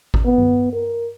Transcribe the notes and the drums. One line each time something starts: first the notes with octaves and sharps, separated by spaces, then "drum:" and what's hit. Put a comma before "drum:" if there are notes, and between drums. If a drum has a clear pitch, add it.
drum: kick G#1
B3
drum: tom G2
A#4